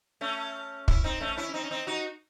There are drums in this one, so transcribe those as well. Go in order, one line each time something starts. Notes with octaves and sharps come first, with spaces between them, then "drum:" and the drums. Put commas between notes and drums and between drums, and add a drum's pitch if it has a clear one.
A3 C#4
C#4 E4, drum: kick
C4 D#4
A3 C#4
C#4 E4
C#4
C4 D#4
C#4
C4 D#4
D#4 F#4